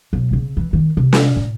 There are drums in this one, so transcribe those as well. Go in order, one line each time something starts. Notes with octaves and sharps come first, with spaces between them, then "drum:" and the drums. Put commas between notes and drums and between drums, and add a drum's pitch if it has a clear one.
B1
C#3 C4
E3
D#3
C3
drum: snare
A2